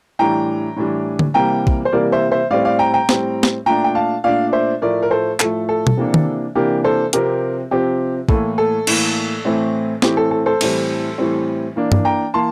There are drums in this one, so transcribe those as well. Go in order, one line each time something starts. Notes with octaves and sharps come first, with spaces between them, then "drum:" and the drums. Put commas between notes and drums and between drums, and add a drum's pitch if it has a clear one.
A2 E3 G3 D4 G5 A#5
A2 E3 G3 D4
drum: tom D3
C3 E3 G3 A#3 G5 A#5
drum: kick
C5
C3 E3 G3 A#3 A#4 D5
C5 E5
C5 E5
A2 G3 C4 D5 F5
D5 F5
G5 A#5
G5 A#5
A2 G3 C4, drum: snare
drum: snare
A#2 A3 D4 G5 A#5
G5
F5 A5
A#2 A3 D4 D5 F5
C5 E5
A2 F3 A3 A#4 D5
A#4
A4 C5
A2 F3 A3 A4, drum: clap
A4
drum: tom B2
C3 E3 A#3 D4
drum: tom D#3
C3 E3 A#3 D4 G4 A#4
A4 C5
C3 F3 C4 G4 A#4, drum: hi-hat
C3 F3 C4 G4
A2 E3 A#3 A4, drum: kick
A4
A2 E3 A#3, drum: cymbal
A2 E3 A3 C4
A2 E3 A3 C4 G4, drum: snare
A4
A4
A4 C5
A2 E3 G3 C4, drum: cymbal
A2 E3 G3 C4
E3 A#3 D4
drum: tom G2
G5 A#5
E3 A#3 A5 C6